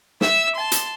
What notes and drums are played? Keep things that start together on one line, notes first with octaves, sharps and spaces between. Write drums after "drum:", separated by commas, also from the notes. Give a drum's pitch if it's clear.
E5 E6, drum: snare
A5 C6
drum: hi-hat